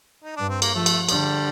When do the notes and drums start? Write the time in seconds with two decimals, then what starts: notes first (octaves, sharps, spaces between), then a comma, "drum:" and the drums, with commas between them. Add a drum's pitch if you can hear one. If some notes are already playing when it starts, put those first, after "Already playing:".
0.24 D#4
0.36 G2 D4
0.49 C4
0.62 A#3, drum: cymbal
0.75 F3 A3
0.86 drum: cymbal
1.09 D3 G3, drum: cymbal